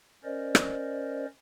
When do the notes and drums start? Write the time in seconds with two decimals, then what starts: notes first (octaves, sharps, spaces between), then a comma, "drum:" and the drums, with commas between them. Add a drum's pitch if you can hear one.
0.24 C#4 A#4 C5 D5 D#5
0.55 drum: rim click